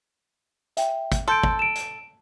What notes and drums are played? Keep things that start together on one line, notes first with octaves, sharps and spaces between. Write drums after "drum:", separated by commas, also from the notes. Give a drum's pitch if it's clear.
E5 G5, drum: hi-hat
drum: kick, hi-hat
A4 C6 G6 D7
drum: kick
D7 E7
drum: hi-hat